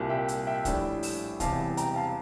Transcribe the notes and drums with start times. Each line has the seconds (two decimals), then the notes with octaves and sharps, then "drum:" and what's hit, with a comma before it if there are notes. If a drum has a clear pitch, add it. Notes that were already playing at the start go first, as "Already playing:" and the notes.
Already playing: C2 A#2 G3
0.09 E5 G5
0.28 drum: hi-hat
0.47 E5 G5
0.65 A#1 A2 G3 D4, drum: kick, hi-hat
1.03 drum: open hi-hat
1.40 E1 E2 C3 G3 F5 A5, drum: kick, hi-hat
1.77 G5 A#5, drum: hi-hat
1.95 F5 A5